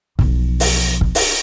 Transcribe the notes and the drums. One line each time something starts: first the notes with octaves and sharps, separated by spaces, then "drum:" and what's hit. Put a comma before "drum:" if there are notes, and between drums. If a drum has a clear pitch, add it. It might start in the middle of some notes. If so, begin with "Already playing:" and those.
B1 F3, drum: kick
drum: open hi-hat
drum: kick
drum: open hi-hat